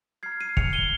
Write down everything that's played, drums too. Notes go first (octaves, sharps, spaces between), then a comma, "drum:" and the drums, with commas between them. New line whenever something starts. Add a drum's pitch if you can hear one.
A#5 F6 G#6 C7
C7 D#7
C#7 F7, drum: kick
D#7 G7